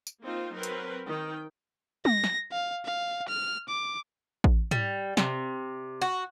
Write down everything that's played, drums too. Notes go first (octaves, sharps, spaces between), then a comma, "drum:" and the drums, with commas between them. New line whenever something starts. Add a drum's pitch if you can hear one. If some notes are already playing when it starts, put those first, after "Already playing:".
drum: tambourine
A#3 C4 D#4 F4 C5
F#3 C4 A#4 B4
drum: hi-hat
D#3 G5
A#6, drum: tom
drum: snare
F5
F5
F6
D6
drum: kick A1
G3, drum: tom G#2
C3, drum: snare
F#4